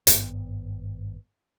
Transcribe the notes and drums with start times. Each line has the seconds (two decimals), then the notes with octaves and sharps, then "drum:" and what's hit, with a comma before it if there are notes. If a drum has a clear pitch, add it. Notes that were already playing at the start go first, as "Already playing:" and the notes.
0.07 G#1 G2 B3, drum: hi-hat